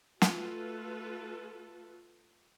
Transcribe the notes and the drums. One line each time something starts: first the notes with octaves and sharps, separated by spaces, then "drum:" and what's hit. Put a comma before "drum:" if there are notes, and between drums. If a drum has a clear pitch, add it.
A3 F4 F#4 A4 B4, drum: snare